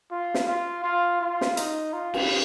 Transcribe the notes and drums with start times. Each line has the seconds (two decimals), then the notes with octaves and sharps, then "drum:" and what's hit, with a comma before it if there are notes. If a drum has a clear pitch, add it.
0.12 F4
0.34 drum: snare
0.48 F4
0.84 F4
1.21 F4
1.41 drum: snare
1.57 D#4, drum: hi-hat
1.93 F4
2.14 drum: cymbal